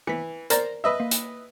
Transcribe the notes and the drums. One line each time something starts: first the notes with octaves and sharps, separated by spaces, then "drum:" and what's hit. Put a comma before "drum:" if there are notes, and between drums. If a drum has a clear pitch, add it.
E3 B6 C#7
A#4 C5 D5 A#5, drum: hi-hat
B4 D#5 E5
A#3
drum: hi-hat